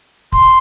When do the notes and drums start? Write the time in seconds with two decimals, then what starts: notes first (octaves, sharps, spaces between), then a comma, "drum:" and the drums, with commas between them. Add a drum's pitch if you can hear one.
0.32 C6, drum: kick